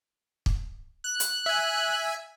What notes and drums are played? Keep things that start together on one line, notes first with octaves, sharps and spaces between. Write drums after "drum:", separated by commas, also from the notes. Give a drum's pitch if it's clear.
drum: kick
F#6
drum: hi-hat
E5 G#5